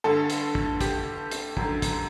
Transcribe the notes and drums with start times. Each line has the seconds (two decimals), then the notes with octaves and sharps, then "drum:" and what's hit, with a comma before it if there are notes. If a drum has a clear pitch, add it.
0.04 G2 D3 A4
0.30 drum: hi-hat
0.55 drum: kick
0.81 G4, drum: kick, hi-hat
1.31 drum: hi-hat
1.57 F#2 D3, drum: kick
1.82 drum: kick, hi-hat